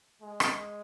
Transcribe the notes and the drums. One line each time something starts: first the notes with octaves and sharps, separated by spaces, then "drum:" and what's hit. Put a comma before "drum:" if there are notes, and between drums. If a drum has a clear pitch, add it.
G#3
drum: rim click